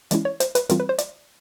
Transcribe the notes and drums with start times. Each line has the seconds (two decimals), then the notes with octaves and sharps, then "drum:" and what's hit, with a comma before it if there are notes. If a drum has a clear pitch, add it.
0.11 E3 G#3 C#4 E4 D5, drum: hi-hat
0.25 C#5
0.40 C5, drum: hi-hat
0.55 B4, drum: hi-hat
0.69 E3 G3 C4 F4 A#4, drum: hi-hat
0.80 B4
0.89 C5
0.98 D5, drum: hi-hat